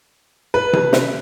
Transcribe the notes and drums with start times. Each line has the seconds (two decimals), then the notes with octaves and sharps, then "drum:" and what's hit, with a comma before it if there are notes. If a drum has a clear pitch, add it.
0.54 B4
0.73 drum: tom C3
0.93 drum: snare